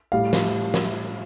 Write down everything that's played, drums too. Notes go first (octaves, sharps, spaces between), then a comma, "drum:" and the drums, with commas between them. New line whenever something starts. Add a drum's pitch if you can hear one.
A2 G3 F5
drum: snare
drum: snare